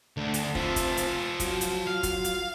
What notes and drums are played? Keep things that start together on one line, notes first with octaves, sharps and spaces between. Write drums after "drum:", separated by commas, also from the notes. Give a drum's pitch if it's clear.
D2 A3 D4
drum: hi-hat
F3 C4 F4 E5 A5, drum: kick
drum: kick, hi-hat
drum: hi-hat
F#3 F4, drum: kick, hi-hat
drum: hi-hat
F5
drum: kick, hi-hat
drum: hi-hat